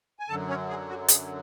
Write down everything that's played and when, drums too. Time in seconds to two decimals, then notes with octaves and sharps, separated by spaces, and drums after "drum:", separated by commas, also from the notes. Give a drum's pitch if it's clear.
0.19 G#5
0.29 F#2 D3 F#3 A4 A5
0.49 C#4 C#5
0.69 G#4
0.89 F#4
1.08 G#4, drum: hi-hat